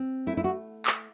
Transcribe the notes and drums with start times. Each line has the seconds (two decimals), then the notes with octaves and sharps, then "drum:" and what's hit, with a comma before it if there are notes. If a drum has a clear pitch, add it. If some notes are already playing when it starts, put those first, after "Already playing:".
Already playing: C4
0.27 A3 E4
0.37 E4
0.44 F#4
0.86 drum: clap